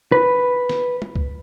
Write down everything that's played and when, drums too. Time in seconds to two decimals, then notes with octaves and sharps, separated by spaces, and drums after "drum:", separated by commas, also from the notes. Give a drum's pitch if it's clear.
0.12 B4
0.69 drum: snare
1.02 drum: tom
1.16 drum: kick C2